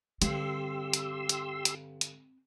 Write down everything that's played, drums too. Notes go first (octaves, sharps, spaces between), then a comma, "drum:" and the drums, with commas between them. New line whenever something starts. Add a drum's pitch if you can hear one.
G2 D3 C4 G4 C6 E6, drum: hi-hat
drum: hi-hat
drum: hi-hat
drum: hi-hat
drum: hi-hat